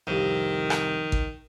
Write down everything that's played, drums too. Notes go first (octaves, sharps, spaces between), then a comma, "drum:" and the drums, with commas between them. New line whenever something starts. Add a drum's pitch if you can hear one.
C2 F2 D#3
drum: rim click
drum: kick G#1